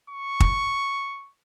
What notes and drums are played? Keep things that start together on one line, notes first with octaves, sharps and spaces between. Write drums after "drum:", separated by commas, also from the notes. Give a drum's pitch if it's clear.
C#6
drum: kick